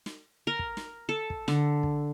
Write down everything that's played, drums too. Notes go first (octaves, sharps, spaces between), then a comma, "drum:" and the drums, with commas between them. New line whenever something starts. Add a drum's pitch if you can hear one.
drum: snare
A#4
drum: kick
drum: snare
A4
drum: kick
D3, drum: snare
drum: kick